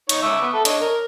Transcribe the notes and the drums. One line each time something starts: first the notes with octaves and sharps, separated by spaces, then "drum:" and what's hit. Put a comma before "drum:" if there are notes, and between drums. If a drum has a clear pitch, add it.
D#4 C#5, drum: hi-hat
E5 C#6 D6
B3
A4 E5
D4 C#5 D#5, drum: hi-hat
A#4